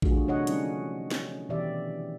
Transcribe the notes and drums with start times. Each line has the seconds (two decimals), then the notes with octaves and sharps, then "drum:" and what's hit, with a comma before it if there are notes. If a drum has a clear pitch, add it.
0.02 D3 E3 A3 F4 F#4 G#4, drum: kick
0.27 C3 F#3 D4 C#5 D#5 F#5
0.47 F3 G3 C#4 D#4 E4, drum: hi-hat
1.11 drum: snare
1.49 B2 D#3 E3 G4 D5 E5